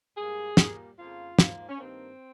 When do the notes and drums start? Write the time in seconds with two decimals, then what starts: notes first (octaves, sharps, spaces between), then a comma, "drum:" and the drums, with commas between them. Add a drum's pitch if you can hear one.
0.16 G#2 G3 A#3 G#4
0.57 A#2 G3 A#3, drum: snare
0.97 F2 C#3 F3 A#3 F4
1.39 G#2 F3 A#3, drum: snare
1.69 C#4
1.78 G2 D#3 A#3 C4